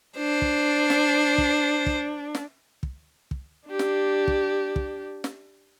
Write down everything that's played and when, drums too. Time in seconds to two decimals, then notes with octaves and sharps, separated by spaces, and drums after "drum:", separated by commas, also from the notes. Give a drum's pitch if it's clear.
0.18 D4 C5
0.42 drum: kick
0.90 drum: snare
1.38 drum: kick
1.86 drum: kick
2.35 drum: snare
2.83 drum: kick
3.31 drum: kick
3.68 D4 G4
3.79 drum: snare
4.28 drum: kick
4.76 drum: kick
5.24 drum: snare